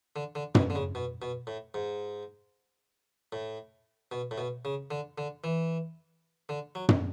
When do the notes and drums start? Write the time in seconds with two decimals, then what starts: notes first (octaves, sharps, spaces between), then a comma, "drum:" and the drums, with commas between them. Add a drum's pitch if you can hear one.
0.16 D3
0.35 D3
0.55 B2, drum: tom
0.70 D3
0.75 C#3
0.95 B2
1.22 B2
1.47 A2
1.74 G#2
3.33 A2
4.12 B2
4.31 A2
4.38 B2
4.65 C#3
4.91 D3
5.18 D3
5.44 E3
6.49 D3
6.75 F#3
6.89 drum: tom